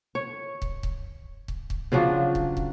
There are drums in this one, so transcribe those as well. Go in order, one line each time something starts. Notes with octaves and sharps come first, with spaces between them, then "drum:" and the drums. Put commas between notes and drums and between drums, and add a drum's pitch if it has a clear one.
C#5
drum: kick
drum: kick
drum: kick
drum: kick
C#3 F3 F#3 D4
drum: kick
drum: kick